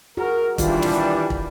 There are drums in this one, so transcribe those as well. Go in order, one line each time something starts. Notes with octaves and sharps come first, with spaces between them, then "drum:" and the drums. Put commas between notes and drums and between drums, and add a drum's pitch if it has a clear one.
F#4 G#4 A#4
D#3 E3 G3 D4 F4, drum: kick, hi-hat
drum: snare
drum: kick